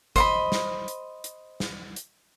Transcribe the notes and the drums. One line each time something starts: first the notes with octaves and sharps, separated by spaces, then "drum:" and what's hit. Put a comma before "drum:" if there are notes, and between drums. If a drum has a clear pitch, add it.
C5 D#5 B5, drum: kick, hi-hat
drum: snare
drum: hi-hat
drum: hi-hat
drum: snare
drum: hi-hat